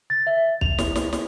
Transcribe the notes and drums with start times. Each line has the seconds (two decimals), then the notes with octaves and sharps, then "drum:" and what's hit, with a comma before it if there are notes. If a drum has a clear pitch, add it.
0.10 A6
0.27 E5
0.61 F7, drum: kick
0.78 drum: snare
0.96 drum: snare
1.13 drum: snare